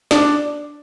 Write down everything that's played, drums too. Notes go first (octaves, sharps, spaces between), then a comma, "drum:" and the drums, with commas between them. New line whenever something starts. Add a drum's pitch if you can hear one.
D4, drum: snare